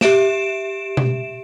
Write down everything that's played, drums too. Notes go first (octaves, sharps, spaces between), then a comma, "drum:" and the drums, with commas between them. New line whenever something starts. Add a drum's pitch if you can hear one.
G4 E5 D7 E7, drum: snare
drum: tom B2